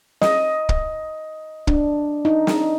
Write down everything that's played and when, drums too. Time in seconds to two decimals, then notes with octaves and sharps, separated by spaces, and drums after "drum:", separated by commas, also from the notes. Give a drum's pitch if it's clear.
0.22 D#5, drum: snare
0.69 drum: kick
1.67 D4, drum: kick
2.25 D#4
2.47 drum: snare